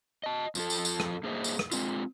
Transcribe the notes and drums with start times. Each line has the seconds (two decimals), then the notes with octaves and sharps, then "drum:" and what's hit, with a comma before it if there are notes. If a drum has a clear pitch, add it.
0.24 D#5 A5
0.55 F2 F3 A4, drum: tambourine
0.70 drum: tambourine
0.85 drum: tambourine
1.00 drum: rim click
1.23 G2 A#3 G#4 C5 D#5 E5
1.44 drum: tambourine
1.59 drum: rim click
1.72 G#3 C4 F4, drum: tambourine